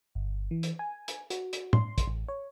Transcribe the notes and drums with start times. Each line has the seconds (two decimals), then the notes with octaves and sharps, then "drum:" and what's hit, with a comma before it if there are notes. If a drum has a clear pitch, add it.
0.15 G1
0.51 E3
0.63 drum: hi-hat
0.79 G#5
1.08 drum: hi-hat
1.30 F#4, drum: hi-hat
1.53 drum: hi-hat
1.73 C6, drum: tom
1.98 drum: kick, hi-hat
2.08 A1
2.28 C#5